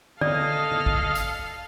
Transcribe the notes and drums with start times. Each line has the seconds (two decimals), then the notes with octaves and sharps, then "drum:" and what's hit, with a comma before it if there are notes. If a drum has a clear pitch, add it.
0.21 A4 D5 D#5 F5, drum: tom D3
0.72 drum: tom D3
0.86 drum: kick
1.15 drum: hi-hat